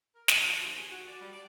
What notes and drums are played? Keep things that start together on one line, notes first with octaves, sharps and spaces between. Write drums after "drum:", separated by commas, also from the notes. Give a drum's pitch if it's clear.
A#4
D2, drum: snare
F3
D#2
G#4
F#4
D5
G3
D5